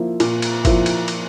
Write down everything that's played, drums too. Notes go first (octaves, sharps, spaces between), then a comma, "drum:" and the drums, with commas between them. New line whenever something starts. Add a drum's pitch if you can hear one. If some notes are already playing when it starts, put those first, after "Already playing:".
Already playing: F3 A#3 E4
A#2, drum: cymbal
drum: cymbal
F3 A#3 E4, drum: kick G1, cymbal
drum: cymbal
drum: cymbal